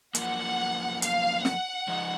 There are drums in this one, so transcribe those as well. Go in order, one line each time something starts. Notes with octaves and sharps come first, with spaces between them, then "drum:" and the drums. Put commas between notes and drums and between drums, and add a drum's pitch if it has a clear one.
F#2 F3 A#3 F#5, drum: hi-hat
F5, drum: hi-hat
F#5, drum: snare
F3 G#3 D#4 G#4